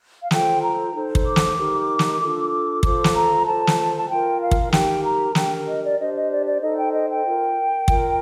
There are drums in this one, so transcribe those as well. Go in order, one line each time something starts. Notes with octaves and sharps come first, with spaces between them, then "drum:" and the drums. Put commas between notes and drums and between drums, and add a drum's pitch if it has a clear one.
F5
F4 A4 C5 G5, drum: snare
A#5
D#4 A4 C5
drum: kick
D6
drum: snare
D#4 G4 A#4
drum: snare
D4 F4 A4
F4 A4 C5 D6, drum: kick
drum: snare
A#5
F4 A4 C5 A5
drum: snare
A5
F4 A#4 G5
F5
drum: kick
D#4 G4 A#4 G5, drum: snare
A#5
D4 G4 A#4 G5, drum: snare
D#5
D5
D4 G4 C5 D#5
D#5
D5
D5
D#4 A4 C5 D#5
G5
D#5
G5
F4 A#4
F4 A#4, drum: kick